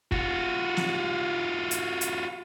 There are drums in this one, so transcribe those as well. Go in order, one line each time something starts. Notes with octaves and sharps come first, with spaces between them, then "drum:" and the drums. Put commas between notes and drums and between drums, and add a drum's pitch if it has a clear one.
F4 F#4, drum: kick
drum: snare
drum: hi-hat
drum: hi-hat